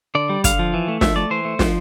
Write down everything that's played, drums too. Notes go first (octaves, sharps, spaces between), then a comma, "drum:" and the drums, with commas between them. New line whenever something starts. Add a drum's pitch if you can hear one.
D3 D5
G3
D3 F5, drum: kick, hi-hat
F3
E3
A3
F3 E5, drum: snare
A3 D5
E3 C5
A3
F3, drum: snare